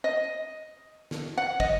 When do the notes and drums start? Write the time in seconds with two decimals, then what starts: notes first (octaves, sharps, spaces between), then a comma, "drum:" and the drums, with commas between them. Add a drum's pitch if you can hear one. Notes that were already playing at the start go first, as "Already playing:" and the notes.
0.04 D#5
1.11 drum: snare
1.38 F#5
1.60 D#5, drum: kick